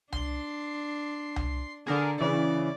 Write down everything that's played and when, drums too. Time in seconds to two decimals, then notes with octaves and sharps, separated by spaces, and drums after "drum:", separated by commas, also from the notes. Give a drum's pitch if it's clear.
0.12 D4 C6, drum: tom C2
1.36 drum: tom C2
1.87 D3 G#4 A#4
2.21 C#3 E3 D5